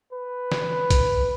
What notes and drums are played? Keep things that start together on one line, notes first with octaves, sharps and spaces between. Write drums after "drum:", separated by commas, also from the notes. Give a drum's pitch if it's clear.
B4
drum: snare
drum: kick A#1, hi-hat